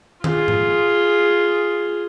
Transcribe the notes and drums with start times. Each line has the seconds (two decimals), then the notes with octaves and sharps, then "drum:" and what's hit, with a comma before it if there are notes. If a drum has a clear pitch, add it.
0.24 F4 G#4, drum: tom D#3
0.48 drum: tom G#2